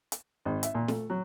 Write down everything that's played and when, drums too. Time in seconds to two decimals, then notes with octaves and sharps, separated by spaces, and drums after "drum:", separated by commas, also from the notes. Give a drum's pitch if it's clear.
0.12 drum: hi-hat
0.45 G#1
0.63 E5, drum: hi-hat
0.74 A#2
0.88 A3, drum: snare
1.10 F#3